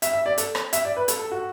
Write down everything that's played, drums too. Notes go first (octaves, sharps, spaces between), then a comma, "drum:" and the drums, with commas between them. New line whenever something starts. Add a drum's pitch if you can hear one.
E5, drum: hi-hat
E5
D5
A4, drum: hi-hat
drum: rim click
E5, drum: hi-hat
D5
B4
A4, drum: hi-hat
A4
F#4